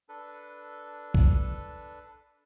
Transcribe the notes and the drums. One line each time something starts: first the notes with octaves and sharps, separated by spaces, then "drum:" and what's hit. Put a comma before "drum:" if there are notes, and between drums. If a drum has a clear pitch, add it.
D4 A4 B4
drum: kick B1